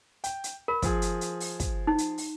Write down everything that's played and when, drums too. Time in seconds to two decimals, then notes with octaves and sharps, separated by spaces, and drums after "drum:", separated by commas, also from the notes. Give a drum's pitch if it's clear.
0.24 G5, drum: hi-hat
0.44 drum: hi-hat
0.68 A#4 B5
0.82 F3 G#4, drum: kick, hi-hat
1.02 drum: hi-hat
1.21 drum: hi-hat
1.40 drum: open hi-hat
1.60 drum: kick, hi-hat
1.87 D#4
1.98 drum: hi-hat
2.18 drum: open hi-hat